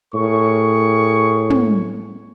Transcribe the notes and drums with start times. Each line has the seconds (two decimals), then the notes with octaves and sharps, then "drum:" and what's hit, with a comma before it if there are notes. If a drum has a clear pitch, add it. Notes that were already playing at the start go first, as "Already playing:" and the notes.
0.14 A2 G#4 A#4 C#6
1.50 drum: tom